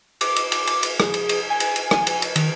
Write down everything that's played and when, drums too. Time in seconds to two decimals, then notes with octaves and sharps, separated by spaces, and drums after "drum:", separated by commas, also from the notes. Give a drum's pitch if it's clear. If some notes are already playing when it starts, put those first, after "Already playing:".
0.21 D6, drum: cymbal
0.36 drum: cymbal
0.52 drum: cymbal
0.67 drum: cymbal
0.83 drum: cymbal
1.00 G#4, drum: rim click
1.14 drum: cymbal
1.29 drum: cymbal
1.50 G#5
1.60 drum: cymbal
1.76 drum: cymbal
1.91 drum: rim click
2.07 drum: cymbal
2.22 drum: cymbal
2.36 D#3, drum: cymbal